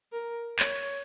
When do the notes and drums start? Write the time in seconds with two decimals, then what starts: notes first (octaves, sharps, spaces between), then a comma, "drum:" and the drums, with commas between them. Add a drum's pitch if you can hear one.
0.12 A#4
0.59 C#5, drum: clap